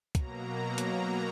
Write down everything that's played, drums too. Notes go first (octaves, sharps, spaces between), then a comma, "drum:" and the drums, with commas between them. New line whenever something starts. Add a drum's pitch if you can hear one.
B2 F#3 A#3 A#5, drum: kick, hi-hat
drum: hi-hat